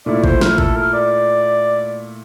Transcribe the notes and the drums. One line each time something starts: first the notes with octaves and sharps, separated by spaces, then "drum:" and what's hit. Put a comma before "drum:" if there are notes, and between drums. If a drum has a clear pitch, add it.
A#2 A3 E4 D5
C5, drum: kick G#1
A#4, drum: snare
A4, drum: kick G#1
A#4
D5